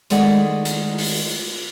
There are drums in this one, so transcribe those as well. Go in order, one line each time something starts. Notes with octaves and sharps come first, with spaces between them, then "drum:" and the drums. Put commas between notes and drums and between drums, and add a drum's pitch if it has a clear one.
D#3 G#3 A3 D5 F#5, drum: hi-hat
drum: hi-hat
drum: open hi-hat